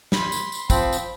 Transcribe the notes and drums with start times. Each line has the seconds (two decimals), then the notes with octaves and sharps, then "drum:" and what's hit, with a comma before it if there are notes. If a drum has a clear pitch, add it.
0.12 B5 C6, drum: snare
0.32 drum: tambourine
0.52 drum: tambourine
0.70 F3 C4 B5, drum: kick, tambourine
0.93 drum: tambourine